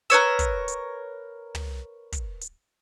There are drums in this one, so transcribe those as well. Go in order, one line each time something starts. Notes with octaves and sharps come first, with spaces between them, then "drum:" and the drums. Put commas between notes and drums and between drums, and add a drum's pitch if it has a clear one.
A#4 B4 C#5 E6, drum: hi-hat
drum: kick, hi-hat
drum: hi-hat
drum: tom
drum: kick, hi-hat
drum: hi-hat